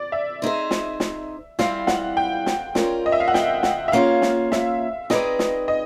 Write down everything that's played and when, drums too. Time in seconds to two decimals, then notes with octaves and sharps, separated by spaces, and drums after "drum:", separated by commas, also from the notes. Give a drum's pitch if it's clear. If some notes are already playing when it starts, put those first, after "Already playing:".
Already playing: D5
0.12 E5
0.42 C4 D#4 G#4 C5
0.71 drum: snare
1.00 drum: snare
1.59 E3 G3 C4 E4 G4 F5, drum: snare
1.87 F#5, drum: snare
2.17 G5
2.46 drum: snare
2.75 G#3 C#4 F4 A#4 D5, drum: snare
3.06 D#5
3.12 E5
3.20 F5
3.28 F#5
3.34 G5, drum: snare
3.63 F#5, drum: snare
3.88 E5
3.92 A#3 C#4 F4 G#4 C5 F5
4.22 drum: snare
4.52 E5, drum: snare
5.10 C4 D#4 G#4 B4 D5 D#5, drum: snare
5.39 drum: snare
5.68 D#5